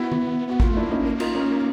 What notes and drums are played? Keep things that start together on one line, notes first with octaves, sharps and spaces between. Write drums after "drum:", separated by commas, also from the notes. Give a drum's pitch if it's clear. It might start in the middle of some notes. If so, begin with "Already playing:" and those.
Already playing: B3 E4 F#4
drum: tom D#3
B3 F#4
A#3 F4, drum: kick
A3
D4 E4
A#3
C#4 D#4
D#4 F4, drum: cymbal
C#4 D#4